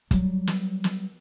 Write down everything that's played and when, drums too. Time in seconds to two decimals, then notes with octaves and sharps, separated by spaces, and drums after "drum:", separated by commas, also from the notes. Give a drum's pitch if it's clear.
0.11 F#3 G3, drum: kick, hi-hat
0.47 drum: snare
0.84 drum: snare